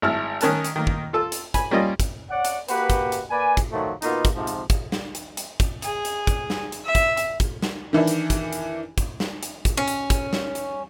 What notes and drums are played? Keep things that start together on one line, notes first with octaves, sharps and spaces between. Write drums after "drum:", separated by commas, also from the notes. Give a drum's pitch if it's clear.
G#1 E4 A5 E6 F6
D#3 C#4 A#4 A5 F#6, drum: hi-hat
drum: hi-hat
D#3 A#3
drum: kick
F4 A4 E6
drum: hi-hat
G#5 B5, drum: kick, hi-hat
G3 A#3 C#4 F4 D5 D#5
drum: kick, hi-hat
C#5 D5 F#5
drum: hi-hat
A#3 F#4 G4 B4, drum: hi-hat
drum: kick, hi-hat
drum: hi-hat
A#3 B4 D5 G#5
drum: kick, hi-hat
D#3 F3 F#3 A3
B2 A#3 B3 D#4 F4, drum: hi-hat
drum: kick, hi-hat
G#2 C3 F3
drum: hi-hat
drum: kick, hi-hat
drum: snare
drum: hi-hat
drum: hi-hat
drum: kick, hi-hat
G#4, drum: hi-hat
drum: hi-hat
drum: kick, hi-hat
drum: snare
drum: hi-hat
E5
drum: kick, hi-hat
drum: hi-hat
drum: kick, hi-hat
drum: snare
D#3 E3 D4 E4
drum: hi-hat
drum: kick, hi-hat
drum: hi-hat
drum: kick, hi-hat
drum: snare
drum: hi-hat
drum: kick, hi-hat
C#4
drum: hi-hat
drum: kick, hi-hat
drum: snare
drum: hi-hat